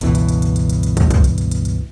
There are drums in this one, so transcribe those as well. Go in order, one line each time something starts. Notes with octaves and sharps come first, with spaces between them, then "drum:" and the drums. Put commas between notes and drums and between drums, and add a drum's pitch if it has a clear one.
G1 C#2 B2 E3, drum: hi-hat
drum: hi-hat
drum: hi-hat
drum: hi-hat
drum: hi-hat
drum: hi-hat
drum: hi-hat
drum: kick, hi-hat
drum: kick, hi-hat
drum: hi-hat
drum: hi-hat
drum: hi-hat
drum: hi-hat